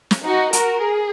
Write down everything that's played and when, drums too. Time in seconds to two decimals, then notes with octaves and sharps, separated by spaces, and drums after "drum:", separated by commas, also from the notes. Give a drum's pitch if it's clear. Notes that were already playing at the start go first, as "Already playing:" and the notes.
0.11 drum: snare
0.24 D#4 F#4
0.53 F#4 A#4, drum: hi-hat
0.82 G#4